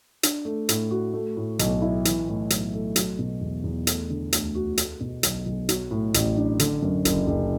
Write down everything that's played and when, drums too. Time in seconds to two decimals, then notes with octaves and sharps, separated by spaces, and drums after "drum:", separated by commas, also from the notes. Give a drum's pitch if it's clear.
0.23 D4, drum: hi-hat
0.45 A3
0.69 A2, drum: hi-hat
0.91 F#4
1.14 A3
1.37 A2
1.59 B1, drum: hi-hat
1.82 E4
2.05 E3, drum: hi-hat
2.28 A2
2.50 B1, drum: hi-hat
2.73 A3
2.96 F#3, drum: hi-hat
3.19 B2
3.41 E2
3.64 E2
3.87 A3, drum: hi-hat
4.10 D3
4.33 D2, drum: hi-hat
4.55 F#4
4.78 A3, drum: hi-hat
5.00 B2
5.23 B1, drum: hi-hat
5.46 B1
5.69 F#3, drum: hi-hat
5.91 A2
6.14 A1, drum: hi-hat
6.37 D4
6.59 D3, drum: hi-hat
6.83 F#2
7.05 F#1, drum: hi-hat
7.28 F#1